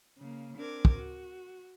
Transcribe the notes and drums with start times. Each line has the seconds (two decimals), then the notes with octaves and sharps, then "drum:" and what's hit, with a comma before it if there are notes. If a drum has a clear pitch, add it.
0.18 C#3 A#3
0.57 C4 D4 A#4 D6 G#6
0.85 drum: kick
0.94 F#4